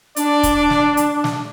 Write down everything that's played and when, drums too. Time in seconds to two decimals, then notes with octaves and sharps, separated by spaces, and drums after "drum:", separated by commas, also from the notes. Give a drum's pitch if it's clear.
0.16 D4 D5, drum: hi-hat
0.43 drum: kick, hi-hat
0.70 drum: snare
0.97 drum: hi-hat
1.24 drum: snare